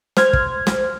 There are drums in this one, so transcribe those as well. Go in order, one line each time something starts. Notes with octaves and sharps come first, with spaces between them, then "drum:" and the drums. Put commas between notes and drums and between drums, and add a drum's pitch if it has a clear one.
C5 F6 G#6, drum: snare
drum: kick
drum: snare